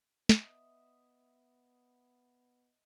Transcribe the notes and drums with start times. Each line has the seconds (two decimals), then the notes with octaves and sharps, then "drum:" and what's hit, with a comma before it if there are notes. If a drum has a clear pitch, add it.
0.29 B3 D#5 E5, drum: snare